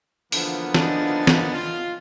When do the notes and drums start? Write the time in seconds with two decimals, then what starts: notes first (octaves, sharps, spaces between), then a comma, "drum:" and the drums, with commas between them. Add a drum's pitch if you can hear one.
0.32 D3 E3 F3 A#3 B3, drum: open hi-hat
0.74 D4 D#4 G#5 A6, drum: snare
1.27 drum: snare
1.53 F4